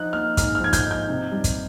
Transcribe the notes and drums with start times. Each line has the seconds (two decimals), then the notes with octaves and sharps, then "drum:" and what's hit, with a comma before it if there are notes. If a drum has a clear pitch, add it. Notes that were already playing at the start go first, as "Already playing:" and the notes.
Already playing: F3 D#4 F#6
0.13 A#3 F6
0.37 G#2 F6, drum: kick, hi-hat
0.55 F6
0.60 F3 G#6
0.73 G6, drum: kick, hi-hat
0.85 D#4
0.91 G6
1.09 C3
1.32 G3
1.44 drum: kick, hi-hat